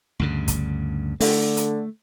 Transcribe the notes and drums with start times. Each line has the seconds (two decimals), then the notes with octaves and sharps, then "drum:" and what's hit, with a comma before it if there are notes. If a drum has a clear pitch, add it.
0.19 D2 G2 C#3
0.48 drum: kick, hi-hat
1.20 D3 A3, drum: open hi-hat
1.57 drum: hi-hat